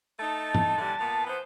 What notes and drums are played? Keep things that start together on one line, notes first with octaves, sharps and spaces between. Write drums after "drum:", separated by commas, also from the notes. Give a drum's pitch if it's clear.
A3 D#4 A5
drum: tom
D3 E3 G3
A#2 B3
E3 B3 C5